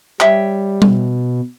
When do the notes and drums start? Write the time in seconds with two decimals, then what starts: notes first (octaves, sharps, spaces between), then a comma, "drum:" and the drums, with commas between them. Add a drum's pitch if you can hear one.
0.20 G3 C#5 E5 G5, drum: clap
0.82 B2, drum: tom G3